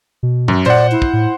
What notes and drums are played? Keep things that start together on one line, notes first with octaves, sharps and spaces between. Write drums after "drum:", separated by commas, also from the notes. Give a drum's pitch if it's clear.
B2
F#2, drum: tom G2
A#2 C5 D5 F#5
E4
drum: kick
A2